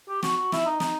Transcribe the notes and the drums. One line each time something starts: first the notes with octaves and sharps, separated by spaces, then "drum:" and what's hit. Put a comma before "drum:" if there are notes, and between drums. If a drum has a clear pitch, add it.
G4
F#4, drum: snare
F#4
E4, drum: snare
D#4
D#4, drum: snare